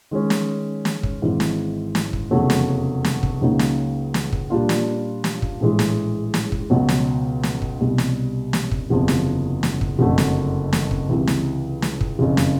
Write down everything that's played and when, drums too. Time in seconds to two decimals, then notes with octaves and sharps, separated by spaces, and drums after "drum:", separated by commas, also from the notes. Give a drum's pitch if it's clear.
0.11 D#3 G#3 C#4
0.30 drum: snare
0.85 drum: snare
1.03 drum: kick
1.22 G#1 G#2 E3
1.40 drum: snare
1.95 drum: snare
2.13 drum: kick
2.31 F1 E2 C#3 F#3 A3
2.50 drum: snare
3.05 drum: snare
3.23 drum: kick
3.41 C#2 C#3 F#3 A#3 D#4
3.59 drum: snare
4.14 drum: snare
4.33 drum: kick
4.50 A#2 G3 A#3 D4 F4
4.69 drum: snare
5.24 drum: snare
5.42 drum: kick
5.60 A#1 A2 E3 G#3
5.79 drum: snare
6.34 drum: snare
6.52 drum: kick
6.70 C#2 B2 F#3
6.89 drum: snare
7.43 drum: snare
7.62 drum: kick
7.81 C2 B2 G3
7.98 drum: snare
8.53 drum: snare
8.71 drum: kick
8.90 F#1 E2 C3 F3
9.08 drum: snare
9.63 drum: snare
9.81 drum: kick
9.99 F#1 F2 D3 F#3 A3
10.18 drum: snare
10.73 drum: snare
10.91 drum: kick
11.09 C#2 C3 E3
11.27 drum: snare
11.82 drum: snare
12.01 drum: kick
12.19 F#1 F2 C#3
12.37 drum: snare